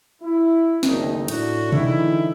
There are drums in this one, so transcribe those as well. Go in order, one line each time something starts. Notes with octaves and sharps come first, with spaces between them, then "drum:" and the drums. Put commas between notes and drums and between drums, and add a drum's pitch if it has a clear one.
E4
F#1 D2 D#3 D#4, drum: snare
A2 D4 F#4, drum: cymbal
D3 E3 G3 G#3 D#4 E4, drum: tom B2